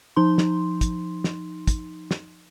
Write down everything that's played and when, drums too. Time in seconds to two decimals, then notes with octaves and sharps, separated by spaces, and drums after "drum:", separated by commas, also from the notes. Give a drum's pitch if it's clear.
0.16 F3 D#4 C6
0.38 drum: snare
0.81 drum: kick, hi-hat
1.24 drum: snare
1.68 drum: kick, hi-hat
2.11 drum: snare